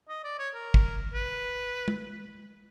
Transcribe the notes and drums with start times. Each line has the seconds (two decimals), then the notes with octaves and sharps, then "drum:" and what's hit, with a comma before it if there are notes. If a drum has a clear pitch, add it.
0.09 D#5
0.24 D5
0.39 C#5
0.54 A#4
0.74 drum: kick
1.14 B4
1.88 drum: tom